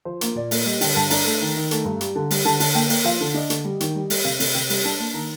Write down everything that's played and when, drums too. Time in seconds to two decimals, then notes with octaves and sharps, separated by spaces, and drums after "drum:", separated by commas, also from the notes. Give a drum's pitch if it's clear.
0.05 F3 C5
0.21 A#3, drum: hi-hat
0.35 A#2 D5
0.51 A#3, drum: open hi-hat
0.66 G3 D#5
0.81 D3 G5, drum: open hi-hat
0.96 G2 A5
1.10 D4 A#5, drum: open hi-hat
1.26 A3
1.41 D#3
1.56 D#3
1.71 A3, drum: hi-hat
1.85 G2
2.01 G3, drum: hi-hat
2.16 D3
2.31 G3, drum: open hi-hat
2.45 D3 A5
2.60 D3, drum: open hi-hat
2.75 A#3 G5
2.89 A#3, drum: open hi-hat
3.04 F3 F5
3.21 D3
3.34 D4 D#5
3.50 D3, drum: hi-hat
3.64 G3
3.80 D#3, drum: hi-hat
3.95 G3
4.10 G3, drum: open hi-hat
4.25 C3 F5
4.40 C3, drum: open hi-hat
4.54 C3 G5
4.70 G3, drum: open hi-hat
4.85 D4 A5
5.00 A#3
5.14 D#3 A#5